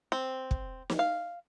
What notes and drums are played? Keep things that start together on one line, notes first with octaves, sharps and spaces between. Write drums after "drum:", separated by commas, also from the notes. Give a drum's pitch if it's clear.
C4
drum: kick
drum: snare
F5